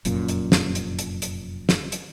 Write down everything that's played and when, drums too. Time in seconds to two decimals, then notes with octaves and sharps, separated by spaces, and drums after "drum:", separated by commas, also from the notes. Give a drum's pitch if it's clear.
0.05 F1 F#2 A#2, drum: hi-hat
0.28 drum: hi-hat
0.52 drum: snare
0.75 drum: hi-hat
0.99 drum: hi-hat
1.22 drum: hi-hat
1.69 drum: snare
1.92 drum: hi-hat